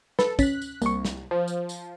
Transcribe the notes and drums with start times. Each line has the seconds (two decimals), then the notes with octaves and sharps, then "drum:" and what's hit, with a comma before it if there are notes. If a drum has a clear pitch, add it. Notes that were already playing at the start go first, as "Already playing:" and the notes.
0.19 A4 B4, drum: snare
0.39 C#4 F#6 B6, drum: kick, tambourine
0.62 drum: tambourine
0.82 C2 A#3 C#6, drum: tambourine
1.05 drum: snare
1.31 F3
1.48 drum: tambourine
1.69 drum: tambourine